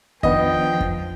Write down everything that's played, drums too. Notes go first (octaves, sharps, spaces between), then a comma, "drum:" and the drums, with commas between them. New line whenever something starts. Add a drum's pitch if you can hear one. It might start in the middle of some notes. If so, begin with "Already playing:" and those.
D#3 F3 B3 D4 D#5 G5, drum: kick F2
drum: kick F2